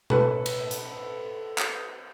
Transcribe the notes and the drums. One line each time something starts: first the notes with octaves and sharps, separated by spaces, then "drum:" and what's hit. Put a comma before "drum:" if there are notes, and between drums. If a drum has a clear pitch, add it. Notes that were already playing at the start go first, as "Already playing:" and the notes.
A4 B4, drum: tom B2
drum: cymbal
drum: hi-hat
drum: clap